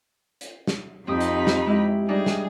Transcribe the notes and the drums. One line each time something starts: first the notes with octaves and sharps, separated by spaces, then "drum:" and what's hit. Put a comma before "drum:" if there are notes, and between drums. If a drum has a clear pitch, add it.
drum: hi-hat
drum: snare
F2 C4 D#4 G4 B5 D#6
drum: hi-hat
drum: snare
G#3 E4 G4
G3 D4 D#4 G#4
drum: snare